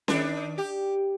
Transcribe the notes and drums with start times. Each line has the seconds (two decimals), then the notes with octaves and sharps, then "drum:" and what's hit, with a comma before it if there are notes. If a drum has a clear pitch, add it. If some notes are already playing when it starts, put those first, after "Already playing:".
0.08 D#3 D4, drum: snare C#4
0.58 G4